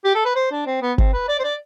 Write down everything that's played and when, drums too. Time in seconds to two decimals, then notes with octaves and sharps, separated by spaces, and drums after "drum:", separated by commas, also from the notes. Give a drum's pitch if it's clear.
0.05 G4
0.15 A4
0.25 B4
0.36 C5
0.51 D4
0.66 C4
0.82 B3
0.98 C4, drum: kick G1
1.13 B4
1.29 D5
1.39 C5
1.44 D5